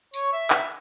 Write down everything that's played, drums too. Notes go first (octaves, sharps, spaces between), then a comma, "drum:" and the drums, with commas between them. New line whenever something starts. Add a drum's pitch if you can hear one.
C#5, drum: tambourine
E5
drum: clap